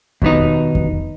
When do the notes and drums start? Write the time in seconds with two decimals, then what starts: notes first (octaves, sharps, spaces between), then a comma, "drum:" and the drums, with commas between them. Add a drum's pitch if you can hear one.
0.22 D#2 B2 B3 D#4, drum: kick F2
0.75 drum: kick F2